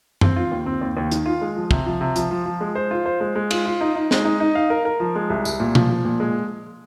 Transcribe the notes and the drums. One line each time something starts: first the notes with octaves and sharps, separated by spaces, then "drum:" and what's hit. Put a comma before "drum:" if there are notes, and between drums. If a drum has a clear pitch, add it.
C4, drum: tom F#2
F4
D#2
C4
D#2
D#2
D#3, drum: hi-hat
F4
G#3
F3
C3, drum: kick
F3
C3
F3, drum: hi-hat
F3
F3
G#3
C5
F4
C5
G#3
G#3
F4, drum: cymbal
F4
D#4
D#4
G#3, drum: snare
D#4
D#4
F5
A#4
A#4
F3
G#3
C2
C2, drum: tambourine
A#2
F3, drum: tom B2
F3
A#2
G#3